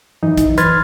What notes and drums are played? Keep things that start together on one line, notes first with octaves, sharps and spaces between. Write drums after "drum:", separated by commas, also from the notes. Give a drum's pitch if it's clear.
F#2 E3 D#4
drum: kick, hi-hat
B4 C6 F6 G#6 A6, drum: hi-hat